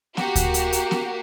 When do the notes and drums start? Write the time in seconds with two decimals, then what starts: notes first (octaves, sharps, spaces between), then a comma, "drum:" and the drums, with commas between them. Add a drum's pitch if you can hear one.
0.17 A#3 F#4 G4, drum: snare B3
0.36 drum: kick D2, hi-hat
0.54 drum: hi-hat
0.72 drum: hi-hat
0.91 drum: snare B3